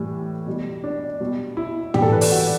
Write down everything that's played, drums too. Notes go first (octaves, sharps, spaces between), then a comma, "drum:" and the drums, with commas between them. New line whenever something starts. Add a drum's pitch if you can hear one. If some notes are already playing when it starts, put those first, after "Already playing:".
Already playing: A2 E3 G3
B2 G3
D4
B2 G3
E4
G2 E3 G3 G4, drum: tom
A4
B4
D5, drum: open hi-hat
F#4